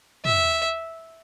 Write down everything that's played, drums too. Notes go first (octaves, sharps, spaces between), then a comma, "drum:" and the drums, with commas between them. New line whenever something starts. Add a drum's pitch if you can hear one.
E5, drum: tom